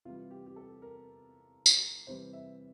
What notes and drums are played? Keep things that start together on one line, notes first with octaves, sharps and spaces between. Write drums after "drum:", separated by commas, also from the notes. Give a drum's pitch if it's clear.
C3 E3 G3 F4
G4
G4
A4
A#4
drum: tambourine
C3 E3 G3 C5
E5